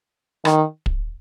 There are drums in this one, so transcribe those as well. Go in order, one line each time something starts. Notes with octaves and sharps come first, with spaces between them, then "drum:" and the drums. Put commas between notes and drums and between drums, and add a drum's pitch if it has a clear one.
D#3, drum: rim click
drum: kick